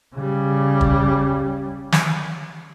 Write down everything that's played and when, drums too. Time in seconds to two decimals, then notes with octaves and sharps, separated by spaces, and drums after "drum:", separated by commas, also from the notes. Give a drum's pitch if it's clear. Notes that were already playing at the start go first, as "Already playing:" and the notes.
0.14 C#3 G3
0.81 drum: kick
1.92 drum: snare